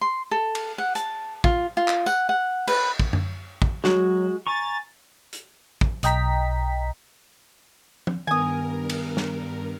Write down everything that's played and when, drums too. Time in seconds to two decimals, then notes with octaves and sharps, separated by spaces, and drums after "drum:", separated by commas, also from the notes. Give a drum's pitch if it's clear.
0.01 C6
0.31 A4
0.55 drum: cymbal
0.78 F#5
0.95 A5, drum: hi-hat
1.44 F4, drum: kick
1.77 F4
1.88 drum: clap
2.06 F#5, drum: tambourine
2.29 F#5
2.67 B4, drum: cymbal
2.99 drum: kick
3.13 drum: tom F#2
3.62 drum: kick
3.84 F#3 G#3 F#4, drum: snare
4.47 G#5 A#5 C#6 A6
5.33 drum: hi-hat
5.81 drum: kick
6.03 B1 D#5 G5 A#5 B6, drum: hi-hat
8.07 drum: tom
8.27 G2 D#3 B3 A#4 G#5 D#6
8.90 drum: cymbal
9.17 drum: snare